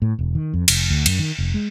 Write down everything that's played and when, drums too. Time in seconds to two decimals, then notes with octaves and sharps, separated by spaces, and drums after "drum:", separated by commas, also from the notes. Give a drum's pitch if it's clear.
0.02 A2
0.19 E1
0.35 D#3
0.54 F2
0.68 F1, drum: cymbal
0.91 D2
1.06 F#2, drum: cymbal
1.19 D#3
1.38 F1
1.54 G#3